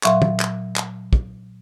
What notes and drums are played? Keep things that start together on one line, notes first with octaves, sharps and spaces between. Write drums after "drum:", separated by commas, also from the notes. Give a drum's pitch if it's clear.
A#2 F#3 E5 F5 C6 C#6, drum: clap
drum: tom
drum: clap
drum: clap
drum: kick